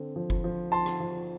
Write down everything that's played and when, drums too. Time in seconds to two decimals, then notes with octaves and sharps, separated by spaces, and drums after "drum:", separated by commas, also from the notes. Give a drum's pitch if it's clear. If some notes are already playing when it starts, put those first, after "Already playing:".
Already playing: D3 C4
0.16 F3
0.30 drum: kick F#1
0.44 F3
0.72 F3 A5 C6
0.86 drum: rim click
1.00 F3